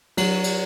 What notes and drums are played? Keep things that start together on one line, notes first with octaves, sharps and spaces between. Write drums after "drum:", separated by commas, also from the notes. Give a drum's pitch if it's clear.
F#3, drum: cymbal
drum: cymbal